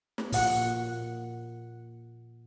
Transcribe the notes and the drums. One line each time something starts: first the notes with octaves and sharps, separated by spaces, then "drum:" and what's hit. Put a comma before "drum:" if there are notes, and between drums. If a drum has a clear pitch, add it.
drum: snare
A#2 F#5, drum: open hi-hat